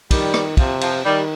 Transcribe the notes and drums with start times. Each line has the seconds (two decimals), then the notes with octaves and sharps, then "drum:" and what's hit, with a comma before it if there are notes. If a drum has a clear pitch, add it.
0.11 D#3 G3, drum: kick, cymbal
0.34 drum: rim click
0.57 C3 F3, drum: kick, cymbal
0.81 F3, drum: cymbal
1.05 D#3 G3